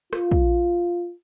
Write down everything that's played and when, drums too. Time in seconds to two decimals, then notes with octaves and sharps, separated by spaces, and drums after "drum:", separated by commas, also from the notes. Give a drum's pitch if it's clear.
0.13 F4, drum: rim click
0.31 drum: kick